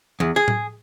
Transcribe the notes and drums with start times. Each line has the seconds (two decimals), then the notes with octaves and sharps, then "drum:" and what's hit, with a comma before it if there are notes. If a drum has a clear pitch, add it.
0.20 E2
0.36 G#4
0.48 drum: tom A2